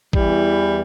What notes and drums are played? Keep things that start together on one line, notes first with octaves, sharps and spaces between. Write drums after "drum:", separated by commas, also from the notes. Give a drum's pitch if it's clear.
E2 E3 G3, drum: kick